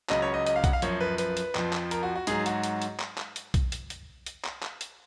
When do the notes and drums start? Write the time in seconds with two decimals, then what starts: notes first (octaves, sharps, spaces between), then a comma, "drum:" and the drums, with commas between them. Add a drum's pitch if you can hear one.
0.10 C#2 C#3 F#3 D#5, drum: clap
0.22 C#5
0.34 D#5
0.46 D#5, drum: hi-hat
0.56 F5
0.64 F#5, drum: kick B1, hi-hat
0.73 F5
0.82 F#2 F3 C#5, drum: hi-hat
1.00 B4
1.18 B4, drum: hi-hat
1.37 drum: hi-hat
1.55 F2 F3, drum: clap
1.73 drum: clap
1.91 A#4, drum: hi-hat
2.03 F#4
2.16 F#4
2.27 G#2 F#3 G#4, drum: hi-hat
2.46 F#4, drum: hi-hat
2.63 drum: hi-hat
2.82 drum: hi-hat
3.00 drum: clap
3.18 drum: clap
3.36 drum: hi-hat
3.54 drum: kick B1, hi-hat
3.72 drum: hi-hat
3.90 drum: hi-hat
4.26 drum: hi-hat
4.45 drum: clap
4.63 drum: clap
4.81 drum: hi-hat